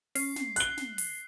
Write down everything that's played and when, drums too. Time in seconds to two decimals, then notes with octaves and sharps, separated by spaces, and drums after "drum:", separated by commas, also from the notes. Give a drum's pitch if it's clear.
0.15 C#4 C7, drum: open hi-hat
0.36 drum: snare
0.56 F#6 G7, drum: hi-hat
0.77 drum: snare
0.98 drum: open hi-hat